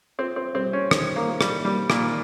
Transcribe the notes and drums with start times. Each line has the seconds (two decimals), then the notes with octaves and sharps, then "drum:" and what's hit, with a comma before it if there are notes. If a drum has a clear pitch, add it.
0.18 C4 F4
0.36 C4
0.55 G3 C4
0.73 C#4
0.91 D#3, drum: rim click
1.16 A#3
1.29 A#3
1.41 G3, drum: rim click
1.65 G3 A#3
1.90 A#2, drum: rim click
2.02 D#3